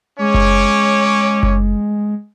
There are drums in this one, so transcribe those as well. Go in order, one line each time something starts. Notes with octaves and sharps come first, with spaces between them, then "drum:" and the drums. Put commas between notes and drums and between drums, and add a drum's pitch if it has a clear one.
G#3 C#4 C#5 D6
drum: kick F#1
drum: kick F#1